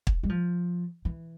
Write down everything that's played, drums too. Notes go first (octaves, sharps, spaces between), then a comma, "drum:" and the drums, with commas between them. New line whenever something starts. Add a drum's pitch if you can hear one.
drum: kick
G3
F3
E3